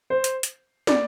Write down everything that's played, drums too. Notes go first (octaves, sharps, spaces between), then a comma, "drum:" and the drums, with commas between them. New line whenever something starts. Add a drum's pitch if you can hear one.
C5
drum: hi-hat
drum: hi-hat
D5, drum: snare